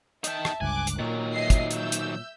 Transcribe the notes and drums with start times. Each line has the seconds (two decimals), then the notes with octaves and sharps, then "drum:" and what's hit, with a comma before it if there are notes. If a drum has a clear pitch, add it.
0.24 D#4 E5 G5 A5, drum: hi-hat
0.45 drum: rim click
0.61 G1 C#2 G2 G#5 D6 F#6
0.87 drum: hi-hat
0.99 A#2 D#3 F#3 A#4
1.32 D#5 E5 C7
1.50 drum: kick, hi-hat
1.71 E5 E6 G6, drum: hi-hat
1.92 drum: hi-hat